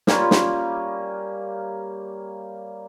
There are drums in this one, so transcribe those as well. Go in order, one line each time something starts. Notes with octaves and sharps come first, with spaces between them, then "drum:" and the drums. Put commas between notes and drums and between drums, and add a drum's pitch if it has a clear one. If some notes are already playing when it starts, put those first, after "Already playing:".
G3 A#3 C#4 F4, drum: snare
drum: snare